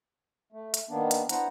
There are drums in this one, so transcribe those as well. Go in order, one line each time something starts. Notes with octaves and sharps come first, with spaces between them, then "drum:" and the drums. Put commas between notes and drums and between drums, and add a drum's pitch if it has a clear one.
A3
drum: hi-hat
D#3 A#3 B3 D4
drum: hi-hat
B3 D4 E4 C5 F#5 A#5, drum: hi-hat